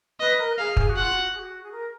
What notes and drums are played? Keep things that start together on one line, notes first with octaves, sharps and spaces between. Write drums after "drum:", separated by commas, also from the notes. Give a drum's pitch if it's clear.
B4 D#5
A#4
G#4 F5
G#4, drum: kick
F#4
F4 F#5
F#4
G#4
F#4
G#4
A#4